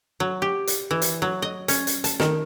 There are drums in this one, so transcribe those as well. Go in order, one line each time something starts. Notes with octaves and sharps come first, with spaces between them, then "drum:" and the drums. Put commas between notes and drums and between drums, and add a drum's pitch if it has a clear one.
F#3
G4
drum: hi-hat
E3
drum: hi-hat
F#3
D#5
C#4, drum: hi-hat
drum: hi-hat
A5, drum: hi-hat
D#3, drum: snare